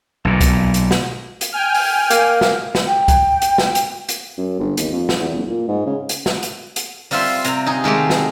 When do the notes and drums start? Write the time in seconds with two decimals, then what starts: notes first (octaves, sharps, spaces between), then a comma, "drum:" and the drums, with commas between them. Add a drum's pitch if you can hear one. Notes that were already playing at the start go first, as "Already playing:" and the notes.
0.25 B1 A#2
0.41 drum: kick C2, hi-hat
0.74 drum: hi-hat
0.91 drum: snare
1.41 drum: hi-hat
1.52 G5 G#5 F6
1.74 drum: open hi-hat
2.10 A#3, drum: hi-hat
2.41 drum: snare
2.75 drum: snare
2.87 G5
3.08 drum: kick C2, hi-hat
3.42 drum: hi-hat
3.58 drum: snare
3.75 drum: hi-hat
4.09 drum: hi-hat
4.37 F#2
4.59 G1
4.77 D#2, drum: hi-hat
4.92 F2
5.09 drum: snare
5.19 E2
5.35 F#1
5.48 A#2
5.68 G#2
5.86 C#3
6.09 drum: hi-hat
6.26 drum: snare
6.43 drum: hi-hat
6.76 drum: hi-hat
7.11 G3 C4 F4 C5 E5, drum: open hi-hat
7.44 C3 A#5, drum: hi-hat
7.66 D#4 G#4
7.84 D#3 G#3 A3 G4
8.10 drum: snare